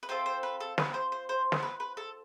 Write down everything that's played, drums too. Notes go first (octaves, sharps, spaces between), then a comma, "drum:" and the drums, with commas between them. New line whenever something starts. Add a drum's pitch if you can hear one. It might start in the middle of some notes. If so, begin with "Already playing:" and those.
B4
C4 F4 A4 C5
C5
B4
A4
B4, drum: snare
C5
C5
C5
drum: snare
B4
B4
A4